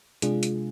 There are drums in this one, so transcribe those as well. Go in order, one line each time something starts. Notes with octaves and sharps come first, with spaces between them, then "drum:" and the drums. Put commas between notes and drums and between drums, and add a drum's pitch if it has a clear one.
C3 G#3 D4 F4 G#4, drum: hi-hat
drum: hi-hat